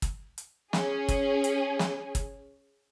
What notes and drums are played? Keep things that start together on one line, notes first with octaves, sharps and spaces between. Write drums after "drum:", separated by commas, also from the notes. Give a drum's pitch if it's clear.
drum: kick, hi-hat
drum: hi-hat
C#4 G#4, drum: snare
drum: kick, hi-hat
drum: hi-hat
drum: snare
drum: kick, hi-hat